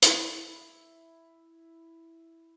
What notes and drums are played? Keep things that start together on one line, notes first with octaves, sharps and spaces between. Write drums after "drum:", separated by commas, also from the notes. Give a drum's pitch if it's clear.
E4 B4, drum: hi-hat